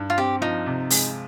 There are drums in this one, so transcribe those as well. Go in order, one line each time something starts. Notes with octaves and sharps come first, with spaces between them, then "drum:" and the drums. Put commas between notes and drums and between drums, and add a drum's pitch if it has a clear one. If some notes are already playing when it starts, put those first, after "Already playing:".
Already playing: G2
F4
C4 G4
F3 D#4
C3
G#3, drum: open hi-hat